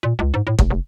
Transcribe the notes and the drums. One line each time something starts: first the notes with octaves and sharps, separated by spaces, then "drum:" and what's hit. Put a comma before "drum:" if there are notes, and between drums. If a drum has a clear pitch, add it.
A#2
C#2
G#2
A2
F1, drum: kick
F1